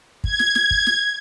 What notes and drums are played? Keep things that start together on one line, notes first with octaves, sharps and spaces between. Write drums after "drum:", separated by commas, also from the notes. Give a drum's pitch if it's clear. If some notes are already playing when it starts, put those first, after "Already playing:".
G#6, drum: kick
drum: snare
drum: snare
drum: kick
drum: snare